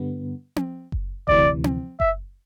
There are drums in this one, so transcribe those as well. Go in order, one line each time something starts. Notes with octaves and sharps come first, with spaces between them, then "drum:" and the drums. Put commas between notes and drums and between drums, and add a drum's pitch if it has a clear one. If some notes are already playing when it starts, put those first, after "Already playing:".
Already playing: G2 D3 G3 B3
drum: tom C4
drum: kick F#1
D2 C3 E3 D5, drum: kick F#1
drum: tom C4
E5, drum: kick F#1